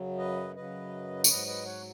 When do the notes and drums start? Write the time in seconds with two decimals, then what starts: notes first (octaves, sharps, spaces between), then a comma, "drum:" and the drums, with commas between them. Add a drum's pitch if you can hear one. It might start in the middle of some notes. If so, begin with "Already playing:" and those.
Already playing: F#2 C#3 F#3
0.19 B4 D#5
0.56 F#2 C#3 F#3 B4 D#5
1.24 C#5, drum: tambourine
1.29 G#2 F#3 B4 D#5
1.47 B4 D#5
1.66 C#5 F#5